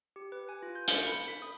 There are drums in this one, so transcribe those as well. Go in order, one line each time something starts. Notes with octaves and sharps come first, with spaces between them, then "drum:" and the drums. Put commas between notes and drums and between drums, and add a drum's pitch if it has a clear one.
G4
B4
G#5
F4
G6
C#7, drum: hi-hat
B5
B6
D#6